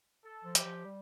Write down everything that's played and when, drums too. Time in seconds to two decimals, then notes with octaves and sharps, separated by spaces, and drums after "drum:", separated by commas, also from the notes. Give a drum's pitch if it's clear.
0.25 A4
0.45 F3
0.55 G4, drum: hi-hat
0.65 F3
0.85 G3